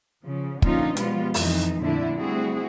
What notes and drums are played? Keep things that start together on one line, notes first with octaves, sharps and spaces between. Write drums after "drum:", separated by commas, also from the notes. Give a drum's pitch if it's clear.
C#3 F3
A#2 D3 F3 C#4 D#4 F4, drum: kick
B2 F3 G3 G#3 B3 F4, drum: hi-hat
F2 E3 D#4, drum: open hi-hat
F2 A#2 D3 A3 D4 E4
G3 A3 C4 E4 F#4 G#4